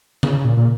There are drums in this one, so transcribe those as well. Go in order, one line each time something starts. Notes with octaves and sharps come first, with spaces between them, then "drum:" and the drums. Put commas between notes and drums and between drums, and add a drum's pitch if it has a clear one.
C#3, drum: tom D3
A#2
A#2